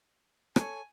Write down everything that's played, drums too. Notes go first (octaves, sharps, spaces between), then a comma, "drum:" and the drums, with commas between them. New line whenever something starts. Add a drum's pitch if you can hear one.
A4 C#5 G#5, drum: rim click